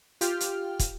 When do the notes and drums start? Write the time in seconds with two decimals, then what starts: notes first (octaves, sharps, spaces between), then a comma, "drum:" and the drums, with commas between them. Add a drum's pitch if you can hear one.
0.21 F4 G4 G5 F6, drum: hi-hat
0.40 drum: hi-hat
0.79 drum: kick, hi-hat